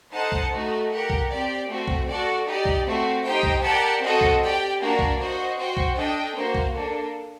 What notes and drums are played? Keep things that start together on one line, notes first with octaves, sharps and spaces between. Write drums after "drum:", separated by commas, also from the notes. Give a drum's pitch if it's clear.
D#4 A4 C5 F#5 A5
drum: kick B1
A3 D#4 F#4
G4 A#4 F#5
drum: kick B1
C4 G4 D5
A3 C4 F#4
drum: kick B1
F#4 A4 D5
D#4 G4 D5
drum: kick B1
A3 C4 F#4
D#4 G4 C5 G5
drum: kick B1
G4 A#4 D5 F#5 A5
C4 F#4 A4 D#5 F#5
drum: kick B1
G4 D5 G5
A#3 D4 F#4 A#4
drum: kick B1
F#4 C5 D#5
F#4 C5 G5
drum: kick B1
D4 A4 D#5 G5
A#3 F#4 C5
drum: kick B1
A#3 D4 A4